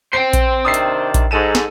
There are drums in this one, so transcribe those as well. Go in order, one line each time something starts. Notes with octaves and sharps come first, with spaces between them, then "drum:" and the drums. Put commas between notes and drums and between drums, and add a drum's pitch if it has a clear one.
C5 G5 C7
drum: kick A#1, hi-hat
C3 D#3 D4 D#6 E6 C7
drum: hi-hat
drum: kick A#1, hi-hat
G#2 A4 D#7 E7
drum: snare